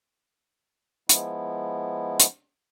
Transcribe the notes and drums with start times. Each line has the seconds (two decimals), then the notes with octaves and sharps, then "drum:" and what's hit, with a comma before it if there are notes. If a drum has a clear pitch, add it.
1.09 F3 G#3 B3 E4, drum: hi-hat
2.20 drum: hi-hat